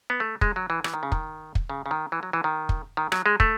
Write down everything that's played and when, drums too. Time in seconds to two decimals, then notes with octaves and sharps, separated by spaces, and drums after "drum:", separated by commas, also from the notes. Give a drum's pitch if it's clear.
0.10 B3
0.20 A3
0.41 G#3, drum: kick
0.56 F#3
0.70 E3
0.84 E3, drum: rim click
0.94 D#3
1.03 C#3
1.12 D#3, drum: kick
1.55 drum: kick
1.69 C#3
1.86 C#3
1.91 D#3
2.12 E3
2.23 F#3
2.33 E3
2.44 D#3
2.69 drum: kick
2.97 D#3
3.12 F#3, drum: rim click
3.26 G#3
3.40 A3, drum: kick